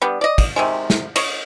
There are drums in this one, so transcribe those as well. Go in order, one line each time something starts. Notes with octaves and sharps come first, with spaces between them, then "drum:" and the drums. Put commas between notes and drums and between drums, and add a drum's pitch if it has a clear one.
G3 B3 D4
D5 D#5
drum: kick, cymbal
C3 D#3 G#3
drum: snare
C#5 D#5, drum: cymbal